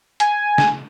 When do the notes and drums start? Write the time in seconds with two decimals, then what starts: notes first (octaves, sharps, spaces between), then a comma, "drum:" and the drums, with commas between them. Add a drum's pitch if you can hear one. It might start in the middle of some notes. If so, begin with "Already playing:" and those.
0.20 G#5, drum: hi-hat
0.58 drum: snare